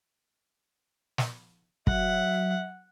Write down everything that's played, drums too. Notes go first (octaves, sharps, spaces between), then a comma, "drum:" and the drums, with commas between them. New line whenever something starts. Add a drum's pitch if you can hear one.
drum: snare
F#3 E5 F#5, drum: kick